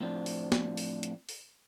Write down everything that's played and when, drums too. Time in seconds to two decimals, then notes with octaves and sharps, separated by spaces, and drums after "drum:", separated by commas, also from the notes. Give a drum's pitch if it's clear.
0.01 A2 F3 C4 D4
0.26 drum: open hi-hat
0.52 drum: snare
0.77 drum: open hi-hat
1.03 drum: hi-hat
1.29 drum: open hi-hat